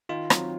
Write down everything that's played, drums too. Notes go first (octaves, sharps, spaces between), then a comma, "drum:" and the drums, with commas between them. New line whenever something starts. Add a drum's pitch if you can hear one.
D#3 F4
F#3 C4, drum: rim click